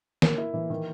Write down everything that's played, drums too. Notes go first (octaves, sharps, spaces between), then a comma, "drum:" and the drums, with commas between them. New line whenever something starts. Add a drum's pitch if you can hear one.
A#3, drum: snare
E4
E3
D#3